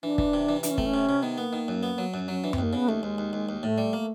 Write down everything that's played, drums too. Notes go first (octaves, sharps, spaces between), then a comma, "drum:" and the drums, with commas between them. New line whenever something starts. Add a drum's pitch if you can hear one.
E3 D4
E3, drum: kick
C3
E3
E3 D4, drum: hi-hat
C#4
A3 C4, drum: kick
C#4
C3
C3
D#3 B3
A#3 B3
D#3
F#2
B3
F#3
F#2
F#3 C#4
E3 D4
C4, drum: tom F#2
D#2 A#3
C#3 B3
D#2 A3
D#2 G#3
D#2
D#2
D#2
A2 A3
G3
A#3